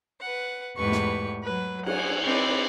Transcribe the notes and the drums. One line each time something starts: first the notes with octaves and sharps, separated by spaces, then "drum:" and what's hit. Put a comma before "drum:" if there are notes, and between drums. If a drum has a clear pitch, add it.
B4 F#5
E2 G#2 A3 G4 B4 C#6
drum: snare
F#3 B4
F#5 G#5 F6, drum: cymbal
C4 D#4 E4 B4 C#5 D5